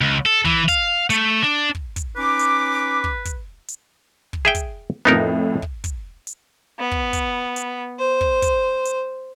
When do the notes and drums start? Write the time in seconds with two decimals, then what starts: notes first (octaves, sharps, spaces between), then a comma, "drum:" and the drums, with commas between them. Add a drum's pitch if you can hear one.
0.01 C#2
0.26 A4
0.45 E3, drum: kick
0.68 F5, drum: kick, hi-hat
1.10 A3, drum: hi-hat
1.42 D4
1.75 drum: kick
1.96 drum: kick, hi-hat
2.17 C#4 D#4 B4 D6
2.39 drum: hi-hat
3.04 drum: kick
3.25 drum: kick, hi-hat
3.68 drum: hi-hat
4.33 drum: kick
4.45 G#4 E5 G5
4.55 drum: kick, hi-hat
5.05 F2 A2 F3 B3 D#4 A#4
5.62 drum: kick
5.84 drum: kick, hi-hat
6.27 drum: hi-hat
6.79 B3
6.91 drum: kick
7.13 drum: kick, hi-hat
7.56 drum: hi-hat
7.99 C5
8.21 drum: kick
8.42 drum: kick, hi-hat
8.85 drum: hi-hat